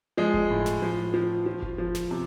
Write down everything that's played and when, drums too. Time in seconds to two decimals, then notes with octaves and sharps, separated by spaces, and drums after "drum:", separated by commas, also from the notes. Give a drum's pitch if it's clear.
0.17 F3 G#3 G#4
0.34 drum: kick F#1
0.50 A2
0.66 drum: snare
0.82 F3
1.14 F3
1.46 F3
1.62 drum: kick F#1
1.78 F3
1.95 drum: snare
2.11 C3